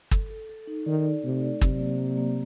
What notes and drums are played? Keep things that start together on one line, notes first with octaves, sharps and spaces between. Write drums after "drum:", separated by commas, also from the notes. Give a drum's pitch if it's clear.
A4, drum: kick
A4
A4
D#4
D#3 D5
A4
C3 A3
D5
C3 F#3, drum: kick
A#3
A#3
A#3